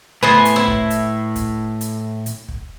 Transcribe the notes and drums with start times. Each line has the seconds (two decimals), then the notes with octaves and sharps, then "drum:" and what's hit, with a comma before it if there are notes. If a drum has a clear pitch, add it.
0.23 A2 B3 B4 C5 G#5
0.45 drum: hi-hat
0.56 E4
0.68 drum: kick
0.90 drum: hi-hat
1.36 drum: kick, hi-hat
1.81 drum: hi-hat
2.26 drum: hi-hat
2.49 drum: kick